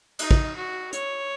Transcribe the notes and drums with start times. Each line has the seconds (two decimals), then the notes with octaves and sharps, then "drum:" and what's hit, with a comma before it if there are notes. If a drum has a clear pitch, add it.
0.19 D#4, drum: cymbal
0.31 drum: kick
0.56 F#4
0.93 C#5, drum: hi-hat